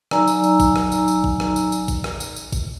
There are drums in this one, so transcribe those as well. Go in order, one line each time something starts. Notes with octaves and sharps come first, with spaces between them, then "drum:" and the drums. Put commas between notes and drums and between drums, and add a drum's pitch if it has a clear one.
F#3 D#4 D5 G#5 A#5 E6, drum: rim click
drum: tambourine
drum: tambourine
drum: kick A1, tambourine
drum: rim click
drum: tambourine
drum: tambourine
drum: kick A1
drum: rim click
drum: tambourine
drum: tambourine
drum: kick A1, tambourine
drum: rim click
drum: tambourine
drum: tambourine
drum: kick A1, tambourine